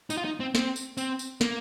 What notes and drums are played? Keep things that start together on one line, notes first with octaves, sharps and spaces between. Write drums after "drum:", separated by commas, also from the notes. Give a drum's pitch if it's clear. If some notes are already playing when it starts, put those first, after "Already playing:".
D#4, drum: tambourine
F4
D#4
C4
C4, drum: snare
drum: tambourine
C4, drum: tambourine
drum: tambourine
A#3, drum: snare